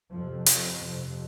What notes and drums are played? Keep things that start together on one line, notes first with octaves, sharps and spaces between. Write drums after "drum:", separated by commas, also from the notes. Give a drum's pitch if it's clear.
F2 C3 F3
F3, drum: hi-hat
F2 C3